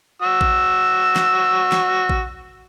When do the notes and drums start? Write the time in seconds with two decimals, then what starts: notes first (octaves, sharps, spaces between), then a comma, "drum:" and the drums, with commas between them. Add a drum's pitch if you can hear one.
0.22 F#4 E6
0.41 drum: kick A1
1.16 drum: snare
1.72 drum: snare
2.10 drum: kick A1